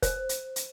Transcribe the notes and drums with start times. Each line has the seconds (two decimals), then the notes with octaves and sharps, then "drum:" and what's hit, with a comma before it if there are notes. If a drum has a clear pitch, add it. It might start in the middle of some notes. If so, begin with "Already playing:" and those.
0.02 C5, drum: kick F1, hi-hat
0.29 drum: hi-hat
0.56 drum: hi-hat